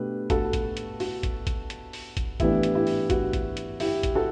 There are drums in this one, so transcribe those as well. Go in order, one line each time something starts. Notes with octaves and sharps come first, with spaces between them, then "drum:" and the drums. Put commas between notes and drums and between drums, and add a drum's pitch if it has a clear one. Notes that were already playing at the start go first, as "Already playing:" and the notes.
Already playing: B2 A3 D4 G4 B4
F#4 A4, drum: kick, hi-hat
drum: kick, hi-hat
drum: hi-hat
F#4, drum: open hi-hat
drum: kick, hi-hat
drum: kick, hi-hat
drum: hi-hat
drum: open hi-hat
drum: kick, hi-hat
A2 E3 B3 D4 E4 G4, drum: kick, hi-hat
drum: hi-hat
E4 G4
drum: open hi-hat
F#4, drum: kick, hi-hat
drum: kick, hi-hat
drum: hi-hat
E4 G4, drum: open hi-hat
drum: kick, hi-hat
F#4 A4